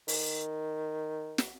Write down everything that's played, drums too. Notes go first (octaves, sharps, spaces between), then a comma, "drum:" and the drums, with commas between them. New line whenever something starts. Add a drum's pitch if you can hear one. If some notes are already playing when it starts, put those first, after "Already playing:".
D#3, drum: open hi-hat
drum: snare